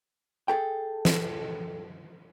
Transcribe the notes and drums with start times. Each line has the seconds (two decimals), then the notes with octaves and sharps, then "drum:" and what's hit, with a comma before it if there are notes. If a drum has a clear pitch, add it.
0.48 G#4 A4 G5
1.05 drum: snare